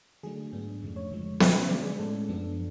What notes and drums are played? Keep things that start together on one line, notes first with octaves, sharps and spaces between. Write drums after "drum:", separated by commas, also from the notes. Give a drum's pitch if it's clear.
D3 F#3 A3 D4 G#4
G#2 G#3 B3 D4
F2 C#3 F3 A3
C#5
F2 D3 F3 G#3
B2 A3 C#4, drum: snare B3
D3 G#3 B3 D5
G#4
A2 G#3 C#4 A4
F#2 F3 B3 D4